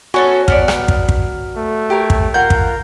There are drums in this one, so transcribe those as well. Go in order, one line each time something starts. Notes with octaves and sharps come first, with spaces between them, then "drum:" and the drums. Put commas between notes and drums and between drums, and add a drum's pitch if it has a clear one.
B3 C#4 F#4 A4 F#5 G#5 C#6
F#3 B3 D5 F6, drum: kick
drum: rim click
drum: kick
drum: kick
A3
G4 A#4 C#5
drum: kick
F4 A#4 F#5 G6
drum: kick